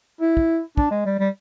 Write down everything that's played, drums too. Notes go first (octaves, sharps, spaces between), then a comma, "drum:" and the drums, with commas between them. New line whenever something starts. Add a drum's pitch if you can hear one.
E4
drum: kick
D4, drum: kick
G#3
G3
G3